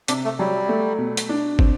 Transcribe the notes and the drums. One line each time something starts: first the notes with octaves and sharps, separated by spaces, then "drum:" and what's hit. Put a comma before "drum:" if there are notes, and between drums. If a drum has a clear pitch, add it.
C3 D4, drum: hi-hat
A3
F#3 G3
A3
B2
drum: hi-hat
D4
C4, drum: kick